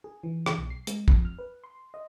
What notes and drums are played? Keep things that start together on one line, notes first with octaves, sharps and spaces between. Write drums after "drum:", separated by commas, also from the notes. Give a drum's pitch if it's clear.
G#4
E3
drum: rim click
B1
C7
G#3, drum: hi-hat
F2, drum: kick
F6
B4
C6
D#5